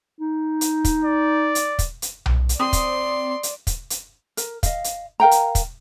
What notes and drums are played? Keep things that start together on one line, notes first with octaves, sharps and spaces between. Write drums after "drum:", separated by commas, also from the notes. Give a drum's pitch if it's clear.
D#4
drum: hi-hat
drum: kick, hi-hat
D5
drum: hi-hat
drum: kick, hi-hat
drum: hi-hat
drum: tom B1
drum: hi-hat
C4 D5 C6 D#6
drum: kick, hi-hat
drum: hi-hat
drum: kick, hi-hat
drum: hi-hat
A#4, drum: hi-hat
D#5 F5, drum: kick, hi-hat
drum: hi-hat
A#4 F5 G5 A#5
drum: hi-hat
drum: kick, hi-hat